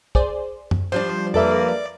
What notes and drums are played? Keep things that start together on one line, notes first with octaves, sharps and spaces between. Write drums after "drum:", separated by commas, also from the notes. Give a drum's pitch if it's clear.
G#4 C5 D5, drum: kick
drum: tom F#2
F3 G3 D4 C5
F2 A#3 A4 B4 D5 E5